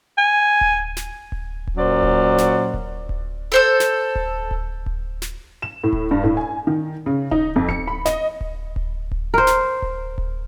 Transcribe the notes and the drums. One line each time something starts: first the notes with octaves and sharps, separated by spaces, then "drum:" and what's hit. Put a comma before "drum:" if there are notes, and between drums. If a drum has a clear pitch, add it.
G#5
drum: kick D1
drum: snare
drum: kick D1
drum: kick D1
A#2 F#3 C#4 C5 D5
drum: kick D1
drum: snare
drum: kick D1
drum: kick D1
A4 C5 E6
drum: snare
drum: kick D1
drum: kick D1
drum: kick D1
drum: snare
E7
A2
drum: kick D1
G2
A2
G#5
D#3
C#3
D#4, drum: kick D1
F2
C#7, drum: kick D1
B5
D#5, drum: snare
drum: kick D1
drum: kick D1
drum: kick D1
A#4 C5
drum: snare
drum: kick D1
drum: kick D1